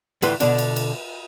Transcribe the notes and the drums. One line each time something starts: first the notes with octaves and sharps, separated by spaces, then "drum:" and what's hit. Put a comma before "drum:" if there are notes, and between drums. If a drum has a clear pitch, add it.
D2 A2 E3 A3 B4 C6, drum: cymbal
B2 D3 D4, drum: cymbal
drum: cymbal
drum: cymbal